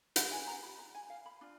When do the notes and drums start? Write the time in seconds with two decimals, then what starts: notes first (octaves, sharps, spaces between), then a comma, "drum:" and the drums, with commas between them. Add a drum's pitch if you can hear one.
0.16 F4 G#4 B4 F#5, drum: hi-hat
0.32 G#5
0.47 A#5
0.63 B5
0.78 A#5
0.95 G#5
1.10 F5
1.26 B5
1.41 D4 F4